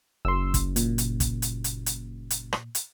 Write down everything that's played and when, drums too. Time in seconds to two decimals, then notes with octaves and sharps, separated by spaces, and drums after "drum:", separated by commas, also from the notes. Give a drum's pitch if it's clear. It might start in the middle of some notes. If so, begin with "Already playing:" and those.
0.25 F#1 C6 E6
0.54 drum: kick, hi-hat
0.76 A#2, drum: hi-hat
0.98 drum: hi-hat
1.20 drum: kick, hi-hat
1.42 drum: hi-hat
1.64 drum: hi-hat
1.86 drum: hi-hat
2.30 drum: hi-hat
2.53 drum: rim click
2.75 drum: hi-hat